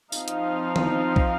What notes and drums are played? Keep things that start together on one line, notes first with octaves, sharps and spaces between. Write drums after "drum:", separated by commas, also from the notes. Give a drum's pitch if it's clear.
F3 C4 D#4 F5, drum: tambourine
drum: hi-hat
drum: tom
drum: kick